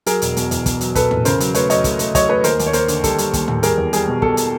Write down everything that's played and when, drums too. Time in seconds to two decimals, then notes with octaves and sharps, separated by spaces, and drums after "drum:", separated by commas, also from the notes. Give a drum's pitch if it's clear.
0.06 F#3 G#4 A#4, drum: hi-hat
0.22 E1, drum: hi-hat
0.37 B2, drum: hi-hat
0.51 E2, drum: hi-hat
0.66 B2, drum: kick, hi-hat
0.81 F#3, drum: hi-hat
0.95 E1 A4 B4, drum: kick, hi-hat
1.11 E2, drum: tom
1.25 C#3 A#4 C5, drum: hi-hat
1.40 F#3, drum: hi-hat
1.55 A3 B4 C#5, drum: hi-hat
1.70 F#3 C#5 D#5, drum: hi-hat
1.84 A3, drum: kick, hi-hat
1.99 A3, drum: hi-hat
2.15 F#3 C#5 D#5, drum: kick, hi-hat
2.29 A3 B4 C#5
2.44 D#2 A#4 C5, drum: hi-hat
2.59 D#2, drum: hi-hat
2.66 C#5
2.73 A#3 A#4 C5, drum: hi-hat
2.88 D3, drum: hi-hat
3.04 G3 A4, drum: kick, hi-hat
3.18 G3, drum: hi-hat
3.33 D#2, drum: kick, hi-hat
3.48 D#2, drum: tom
3.63 G3 G#4 A#4, drum: hi-hat
3.78 E2
3.93 G3 G#4, drum: hi-hat
4.08 B2
4.22 B2 A4, drum: kick
4.37 drum: hi-hat